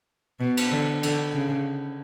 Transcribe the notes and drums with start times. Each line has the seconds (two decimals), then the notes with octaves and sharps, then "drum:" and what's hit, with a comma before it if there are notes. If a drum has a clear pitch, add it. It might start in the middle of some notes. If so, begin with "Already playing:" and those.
0.40 B2
0.57 drum: cymbal
0.71 D3
1.03 D3, drum: cymbal
1.34 C#3